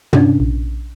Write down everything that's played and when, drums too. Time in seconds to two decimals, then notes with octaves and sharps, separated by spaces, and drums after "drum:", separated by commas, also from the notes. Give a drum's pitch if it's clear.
0.13 G2 C3 C#4 D4, drum: tom
0.40 A#1